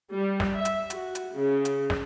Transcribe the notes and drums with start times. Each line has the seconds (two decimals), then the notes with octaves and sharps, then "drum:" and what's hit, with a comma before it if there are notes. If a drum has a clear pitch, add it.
0.11 G3
0.40 drum: snare
0.55 E5
0.65 drum: hi-hat
0.90 F#4, drum: hi-hat
1.15 drum: hi-hat
1.35 C#3
1.65 drum: hi-hat
1.90 drum: snare